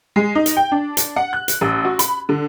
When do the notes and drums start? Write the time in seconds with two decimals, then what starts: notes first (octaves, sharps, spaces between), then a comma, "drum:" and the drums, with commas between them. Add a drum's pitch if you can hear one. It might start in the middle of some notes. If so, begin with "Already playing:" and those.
0.16 G#3
0.35 D#4
0.46 drum: hi-hat
0.57 G5
0.71 D4
0.97 drum: hi-hat
1.16 F#5
1.33 F#6
1.48 drum: hi-hat
1.61 A1
1.84 F#4
1.99 B5, drum: hi-hat
2.29 D3